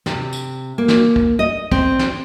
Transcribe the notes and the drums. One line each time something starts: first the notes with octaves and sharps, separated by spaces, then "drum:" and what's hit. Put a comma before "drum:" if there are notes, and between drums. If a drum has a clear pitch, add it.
C3, drum: snare
drum: tambourine
A#3
drum: snare
drum: kick
D#5
C4, drum: kick
drum: snare